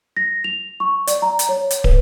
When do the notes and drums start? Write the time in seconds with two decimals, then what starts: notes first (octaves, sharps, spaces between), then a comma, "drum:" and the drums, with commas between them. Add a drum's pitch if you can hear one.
0.17 A#6
0.44 F7
0.80 C#6
1.07 D5, drum: hi-hat
1.22 A#5
1.39 drum: hi-hat
1.49 C#5
1.70 drum: hi-hat
1.84 B4, drum: kick